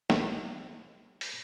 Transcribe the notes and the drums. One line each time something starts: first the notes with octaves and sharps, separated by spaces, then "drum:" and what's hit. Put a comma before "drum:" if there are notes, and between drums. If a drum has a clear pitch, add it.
D#2, drum: snare
drum: open hi-hat